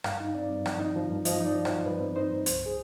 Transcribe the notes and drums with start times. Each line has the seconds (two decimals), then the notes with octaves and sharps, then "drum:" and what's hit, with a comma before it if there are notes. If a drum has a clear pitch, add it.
0.04 G2 F5, drum: rim click
0.20 D#4
0.35 C4 D5
0.50 G2
0.66 F3, drum: rim click
0.80 D#4
0.96 F3
1.10 G2
1.25 F3 D#5, drum: hi-hat
1.40 D#4
1.46 D5
1.55 F3
1.65 C5, drum: rim click
1.70 F3
1.86 G2 B4
2.01 C4
2.16 D#4 C5
2.31 G2
2.46 C2 C5, drum: hi-hat
2.66 G#4